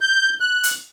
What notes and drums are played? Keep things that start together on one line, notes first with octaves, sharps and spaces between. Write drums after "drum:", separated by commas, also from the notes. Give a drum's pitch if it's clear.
G6
F#6
drum: hi-hat